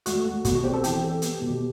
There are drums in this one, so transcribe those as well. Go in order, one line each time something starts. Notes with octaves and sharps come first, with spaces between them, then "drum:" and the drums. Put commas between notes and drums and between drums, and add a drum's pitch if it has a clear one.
A3 F#4, drum: hi-hat
A3
B2 F#4, drum: kick, hi-hat
F#4
C4 G4
A4
E3 G4, drum: hi-hat
A4
B3, drum: hi-hat
B2